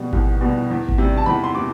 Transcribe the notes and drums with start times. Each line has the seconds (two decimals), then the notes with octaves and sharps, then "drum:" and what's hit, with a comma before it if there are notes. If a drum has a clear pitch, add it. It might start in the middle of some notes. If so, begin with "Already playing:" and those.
Already playing: B2 G3
0.13 C2, drum: kick G#1
0.41 B2 G3
0.70 E2
0.89 drum: kick G#1
0.98 C3 G3
1.17 A5
1.26 E2 B5
1.44 C6
1.55 C3 D6